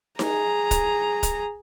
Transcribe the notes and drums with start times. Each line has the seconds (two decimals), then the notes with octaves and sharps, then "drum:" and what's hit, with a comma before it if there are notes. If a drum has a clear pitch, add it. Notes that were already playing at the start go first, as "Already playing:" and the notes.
0.19 G#4 A#5, drum: snare D#4
0.71 drum: kick, hi-hat
1.23 drum: kick, hi-hat